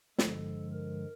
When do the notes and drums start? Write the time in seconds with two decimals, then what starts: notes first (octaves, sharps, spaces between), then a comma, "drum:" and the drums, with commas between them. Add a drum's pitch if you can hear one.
0.18 G2 D3 F3 G#3 A4, drum: snare
0.72 A#4